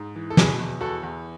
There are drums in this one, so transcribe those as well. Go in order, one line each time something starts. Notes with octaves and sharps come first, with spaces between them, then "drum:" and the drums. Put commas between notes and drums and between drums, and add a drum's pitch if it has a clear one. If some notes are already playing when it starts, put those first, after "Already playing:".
Already playing: G#2
E3
A4
B2 G#4 B4, drum: snare
E2
E2 F#4 A4
E2